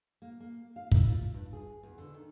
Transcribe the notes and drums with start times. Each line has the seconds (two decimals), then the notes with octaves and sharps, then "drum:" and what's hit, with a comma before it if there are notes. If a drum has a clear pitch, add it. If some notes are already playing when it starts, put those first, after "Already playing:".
0.22 A#3
0.40 A#3
0.76 F5
0.92 E4, drum: kick
1.05 F4
1.34 G2
1.53 G#4
1.83 E2
1.98 D3
2.14 D#3